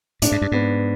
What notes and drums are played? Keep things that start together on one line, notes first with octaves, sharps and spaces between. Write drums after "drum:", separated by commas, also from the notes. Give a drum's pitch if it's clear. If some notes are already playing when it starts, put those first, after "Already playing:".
A2 D4, drum: hi-hat
G#2
G2
G#2 B3